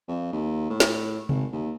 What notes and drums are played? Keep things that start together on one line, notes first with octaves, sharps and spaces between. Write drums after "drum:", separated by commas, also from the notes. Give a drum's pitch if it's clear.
F2
D#2
A2
drum: snare
G#1, drum: tom C3
D#2